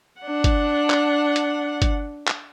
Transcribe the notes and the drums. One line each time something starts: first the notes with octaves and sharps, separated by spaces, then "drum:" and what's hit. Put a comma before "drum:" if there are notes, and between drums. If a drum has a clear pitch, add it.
D4 F#5
drum: kick, hi-hat
drum: clap
drum: hi-hat
drum: kick, hi-hat
drum: clap